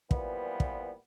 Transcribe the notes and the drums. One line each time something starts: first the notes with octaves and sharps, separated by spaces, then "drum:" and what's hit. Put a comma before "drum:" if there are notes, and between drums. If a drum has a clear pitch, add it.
A#2 E3 F3 G3 B3, drum: kick
drum: kick